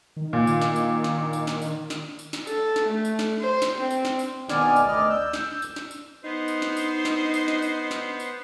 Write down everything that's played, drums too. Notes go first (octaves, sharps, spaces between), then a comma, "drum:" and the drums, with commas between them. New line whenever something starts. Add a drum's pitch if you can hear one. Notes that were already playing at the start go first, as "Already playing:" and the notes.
D#3
A#2
drum: tambourine
drum: snare
drum: tambourine
drum: snare
drum: tambourine
drum: snare
drum: tambourine
drum: snare
drum: tambourine
drum: snare
A4, drum: tambourine
drum: snare
A3
drum: tambourine
drum: snare
C5
drum: snare
C4
drum: tambourine
drum: snare
drum: tambourine
B2 D#3 B3 D5 G#5 F6, drum: snare
drum: tambourine
D2 D5 D#5 F6
E6 G6
drum: snare
drum: tambourine
drum: snare
drum: tambourine
B3 D#4 C5
drum: tambourine
drum: snare
drum: tambourine
drum: snare
drum: tambourine
drum: snare
drum: tambourine
drum: snare
drum: tambourine